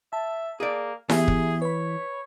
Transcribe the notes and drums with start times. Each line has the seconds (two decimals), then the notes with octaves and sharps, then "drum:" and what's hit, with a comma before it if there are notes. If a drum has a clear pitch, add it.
0.13 E5 A5
0.60 A#3 G#4 D5
1.10 E3 B3 G4 G#4 E5, drum: snare E4
1.28 drum: kick
1.62 B4 C#5 B5